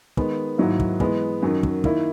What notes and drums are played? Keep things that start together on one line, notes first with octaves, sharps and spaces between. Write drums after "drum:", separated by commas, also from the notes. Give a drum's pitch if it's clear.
D#3 G#3 B3, drum: kick
G#2 D#3 F#3 A#3 E4
drum: kick
E3 G#3 B3, drum: kick
F#2 D#3 F#3
drum: kick
D#3 A#3 E4, drum: kick